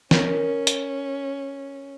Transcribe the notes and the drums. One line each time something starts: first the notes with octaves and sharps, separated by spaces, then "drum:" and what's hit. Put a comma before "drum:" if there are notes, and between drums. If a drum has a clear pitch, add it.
C#4 A#4 D#5, drum: snare
drum: hi-hat